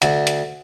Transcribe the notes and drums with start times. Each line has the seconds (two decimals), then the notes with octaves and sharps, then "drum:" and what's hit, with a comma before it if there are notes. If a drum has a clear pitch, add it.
0.02 D2, drum: hi-hat
0.27 drum: hi-hat